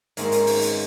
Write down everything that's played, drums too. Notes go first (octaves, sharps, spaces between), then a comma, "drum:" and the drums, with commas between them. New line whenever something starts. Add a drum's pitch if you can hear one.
G#2 D#3 G#3 A#3 C4 C#4, drum: hi-hat
drum: hi-hat
drum: open hi-hat
drum: hi-hat